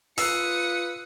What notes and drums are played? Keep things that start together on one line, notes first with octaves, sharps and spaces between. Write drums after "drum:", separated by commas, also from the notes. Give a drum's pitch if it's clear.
F4 B4 D#6 E6 C7 C#7, drum: open hi-hat